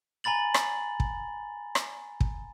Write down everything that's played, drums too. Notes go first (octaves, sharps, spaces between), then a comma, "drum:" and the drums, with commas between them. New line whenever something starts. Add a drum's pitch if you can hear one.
G#5 A#5 B5 A6 F#7
drum: rim click
drum: kick
drum: rim click
drum: kick